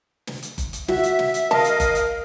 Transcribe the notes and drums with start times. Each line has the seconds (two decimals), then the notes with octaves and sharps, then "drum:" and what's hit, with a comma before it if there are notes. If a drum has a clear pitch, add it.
0.27 drum: snare
0.43 drum: hi-hat
0.58 drum: kick F#1, hi-hat
0.73 drum: hi-hat
0.88 F#4 E5, drum: snare
1.04 drum: hi-hat
1.19 drum: snare
1.34 drum: hi-hat
1.51 A#4 D#5 F5 A5, drum: snare
1.64 drum: hi-hat
1.80 drum: kick F#1, hi-hat
1.95 drum: hi-hat